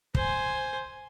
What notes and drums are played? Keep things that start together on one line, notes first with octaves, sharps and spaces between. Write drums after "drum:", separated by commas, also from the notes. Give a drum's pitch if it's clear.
C5 G#5, drum: kick